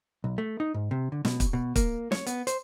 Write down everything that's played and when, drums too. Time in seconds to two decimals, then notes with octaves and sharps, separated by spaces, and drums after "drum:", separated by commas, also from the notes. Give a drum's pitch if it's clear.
0.24 B1
0.38 A3
0.60 D#4
0.74 G#2
0.91 C3
1.12 D3
1.25 B2, drum: snare
1.40 drum: kick, hi-hat
1.53 B2
1.76 A#3, drum: kick, hi-hat
2.12 C#5, drum: snare
2.27 B3, drum: hi-hat
2.47 C5, drum: hi-hat